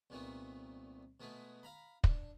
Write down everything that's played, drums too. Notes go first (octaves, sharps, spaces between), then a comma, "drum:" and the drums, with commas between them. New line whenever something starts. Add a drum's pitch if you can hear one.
C2 A#2 D#3 A3 B3
B2 G#3 A3 B3
F5 A#5 B5
D4, drum: kick